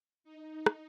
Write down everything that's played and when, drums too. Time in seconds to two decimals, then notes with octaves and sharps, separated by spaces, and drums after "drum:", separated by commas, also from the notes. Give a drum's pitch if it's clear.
0.24 D#4
0.53 D#4
0.66 drum: rim click